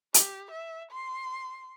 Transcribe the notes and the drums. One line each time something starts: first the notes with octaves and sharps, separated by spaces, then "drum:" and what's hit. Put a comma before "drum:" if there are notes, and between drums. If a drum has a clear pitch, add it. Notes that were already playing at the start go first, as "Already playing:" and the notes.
G4, drum: hi-hat
E5
C6